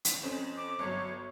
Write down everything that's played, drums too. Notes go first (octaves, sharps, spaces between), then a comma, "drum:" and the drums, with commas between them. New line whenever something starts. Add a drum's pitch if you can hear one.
drum: hi-hat
F2 C#4 C5
D6
G1 F#3 C#5